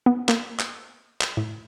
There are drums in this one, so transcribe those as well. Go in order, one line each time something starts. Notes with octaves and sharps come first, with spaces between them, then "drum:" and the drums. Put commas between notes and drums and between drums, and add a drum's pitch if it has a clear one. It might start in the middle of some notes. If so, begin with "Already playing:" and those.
B3
A#3, drum: clap
drum: clap
drum: clap
A2